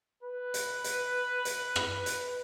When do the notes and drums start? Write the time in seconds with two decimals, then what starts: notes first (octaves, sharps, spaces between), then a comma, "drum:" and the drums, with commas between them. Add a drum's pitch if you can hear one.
0.23 B4
0.54 drum: hi-hat
0.84 drum: hi-hat
1.45 drum: hi-hat
1.76 drum: rim click
2.06 drum: hi-hat